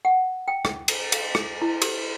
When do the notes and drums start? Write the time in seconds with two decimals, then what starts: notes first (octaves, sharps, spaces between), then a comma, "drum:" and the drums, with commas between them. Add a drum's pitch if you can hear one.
0.05 F#5
0.48 G5
0.65 drum: rim click
0.88 drum: cymbal
1.12 F5, drum: cymbal
1.35 drum: rim click
1.62 E4
1.82 G4, drum: cymbal